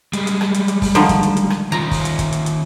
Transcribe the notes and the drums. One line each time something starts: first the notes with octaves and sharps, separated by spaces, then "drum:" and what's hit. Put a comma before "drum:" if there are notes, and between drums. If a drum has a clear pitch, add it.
G3 G#3, drum: hi-hat
drum: hi-hat
drum: rim click
drum: hi-hat
drum: hi-hat
drum: kick, open hi-hat
D3 D#3 F3, drum: hi-hat
drum: kick, hi-hat
drum: hi-hat
drum: hi-hat
drum: rim click
D#3 F4 A#5
drum: kick, open hi-hat
drum: hi-hat
drum: kick, hi-hat
drum: hi-hat
drum: hi-hat